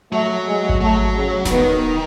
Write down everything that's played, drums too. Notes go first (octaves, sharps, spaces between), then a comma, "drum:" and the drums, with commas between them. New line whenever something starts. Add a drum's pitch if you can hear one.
F#3 A3
G#3
drum: kick G#1
F#3 A3
C#3
C#3, drum: snare D#1
D#3 B3